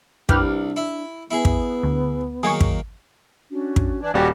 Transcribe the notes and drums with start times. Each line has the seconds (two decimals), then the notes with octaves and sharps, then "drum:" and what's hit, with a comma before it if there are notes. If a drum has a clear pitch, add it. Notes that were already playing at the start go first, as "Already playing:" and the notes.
0.29 C2 D4 G4 B4 F6, drum: kick
0.76 E4
1.31 B3 E4 G#4
1.45 drum: kick
1.83 D2
2.43 D#3 F#3 A#3 G#4 C#6
2.61 drum: kick
3.50 C#4 D4 F#4
3.76 drum: kick
4.02 E3 D4 G#6
4.14 D#1 G3 F#4 G4